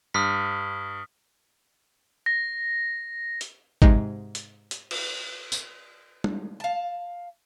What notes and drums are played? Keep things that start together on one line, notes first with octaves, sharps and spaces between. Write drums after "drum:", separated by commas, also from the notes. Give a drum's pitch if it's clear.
G2 D#6 F6 B6
A#6
drum: hi-hat
G#2 C3 G#3 D#4, drum: kick G#1
drum: hi-hat
drum: hi-hat
drum: cymbal
drum: tambourine
drum: tom G3
F5 A5